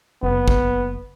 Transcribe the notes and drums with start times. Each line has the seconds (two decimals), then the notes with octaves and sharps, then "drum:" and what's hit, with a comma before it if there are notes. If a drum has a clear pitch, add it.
0.23 F#1 B3
0.48 drum: kick